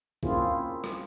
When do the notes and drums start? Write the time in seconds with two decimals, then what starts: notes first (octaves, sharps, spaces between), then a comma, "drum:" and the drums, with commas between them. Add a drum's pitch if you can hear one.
0.23 A#3 C4 C#4 E4 F4 G#4, drum: kick
0.84 drum: rim click